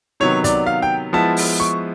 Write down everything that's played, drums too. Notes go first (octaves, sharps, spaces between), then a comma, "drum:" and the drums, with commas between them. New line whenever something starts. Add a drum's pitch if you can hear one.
C3 D#3 F#3 B3 C#5
D5, drum: kick, hi-hat
F5
G5
F3 G#3 B3 E4 A5
drum: open hi-hat
C#6